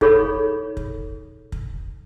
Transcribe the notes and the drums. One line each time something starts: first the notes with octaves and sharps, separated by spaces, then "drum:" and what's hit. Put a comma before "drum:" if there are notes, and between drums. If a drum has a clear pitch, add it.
D#4 G#4 A4 C#5 B5, drum: kick
drum: kick
drum: kick